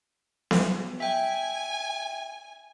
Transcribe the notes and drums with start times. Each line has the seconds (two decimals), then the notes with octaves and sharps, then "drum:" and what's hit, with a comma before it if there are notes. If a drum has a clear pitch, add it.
0.51 drum: snare B3
1.00 E5 G5 G#5